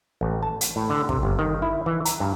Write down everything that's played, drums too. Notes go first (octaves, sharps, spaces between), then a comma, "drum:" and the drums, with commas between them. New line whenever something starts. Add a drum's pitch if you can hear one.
A1
A5
drum: hi-hat
A2
D3
C3, drum: kick
G1
D#3
E4
E3
A#5, drum: hi-hat
G2